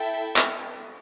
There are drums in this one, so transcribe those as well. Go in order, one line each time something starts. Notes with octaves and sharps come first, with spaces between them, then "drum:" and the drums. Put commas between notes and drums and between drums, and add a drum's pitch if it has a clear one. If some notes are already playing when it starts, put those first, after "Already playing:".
Already playing: E4 A4 E5 G5
drum: clap